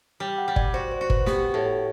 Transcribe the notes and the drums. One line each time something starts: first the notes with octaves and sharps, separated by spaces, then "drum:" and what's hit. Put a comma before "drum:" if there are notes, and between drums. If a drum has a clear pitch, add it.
G3 G5
F#5
G3
D5, drum: kick G1
F#4 C5
C5
F#4
B4, drum: kick G1
B3 G4, drum: snare
A2